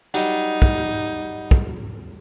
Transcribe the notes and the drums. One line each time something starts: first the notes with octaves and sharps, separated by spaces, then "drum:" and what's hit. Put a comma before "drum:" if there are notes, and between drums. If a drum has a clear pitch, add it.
F#3 G3 D#4 D#5 F#5, drum: hi-hat
drum: kick
drum: kick